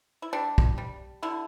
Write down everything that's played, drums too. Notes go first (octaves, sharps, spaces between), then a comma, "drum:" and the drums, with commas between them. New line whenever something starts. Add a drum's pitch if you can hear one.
E4
G3 D4
drum: kick
G3
D3 E4